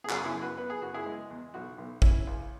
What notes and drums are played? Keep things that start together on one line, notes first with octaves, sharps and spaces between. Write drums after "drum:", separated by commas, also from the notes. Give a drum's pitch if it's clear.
G#4
F#2 F#4, drum: clap
E4 G#4
F#2
F#4 B4
B3 B4
G#4
F#2 F#4
E4 G#4
G#3
E2
B1 F#4
B1
C#4 E4, drum: kick
C#2